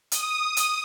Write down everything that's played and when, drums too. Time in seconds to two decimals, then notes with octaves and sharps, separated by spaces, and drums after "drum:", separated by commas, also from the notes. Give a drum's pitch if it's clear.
0.12 D#6, drum: hi-hat
0.57 drum: hi-hat